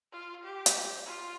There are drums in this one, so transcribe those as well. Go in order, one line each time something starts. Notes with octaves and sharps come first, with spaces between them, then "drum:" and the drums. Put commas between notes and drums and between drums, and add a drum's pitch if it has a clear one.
F4
G4
drum: hi-hat
F4